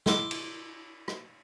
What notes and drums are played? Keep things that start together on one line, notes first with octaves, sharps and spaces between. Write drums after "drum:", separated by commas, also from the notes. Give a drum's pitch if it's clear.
E4 C6 D6, drum: snare
drum: cymbal
drum: rim click